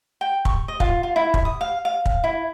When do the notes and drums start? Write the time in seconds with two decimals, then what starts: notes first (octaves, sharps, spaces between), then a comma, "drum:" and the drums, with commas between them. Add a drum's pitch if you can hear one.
0.21 G5
0.45 C#6, drum: kick
0.68 D#5
0.80 F4, drum: kick
1.03 F4
1.16 E4
1.34 drum: kick
1.45 D#6
1.61 F5
1.85 F5
2.06 drum: kick
2.24 E4